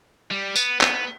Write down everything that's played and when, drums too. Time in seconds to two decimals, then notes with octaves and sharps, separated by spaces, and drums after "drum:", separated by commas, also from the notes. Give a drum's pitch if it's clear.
0.31 G3
0.56 B3, drum: tambourine
0.81 B3, drum: clap